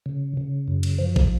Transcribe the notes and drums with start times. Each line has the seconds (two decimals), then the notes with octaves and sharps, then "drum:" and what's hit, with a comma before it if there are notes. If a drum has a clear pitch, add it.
0.06 C#3
0.37 C#3
0.68 F#2
0.83 drum: cymbal
0.99 F3
1.16 drum: kick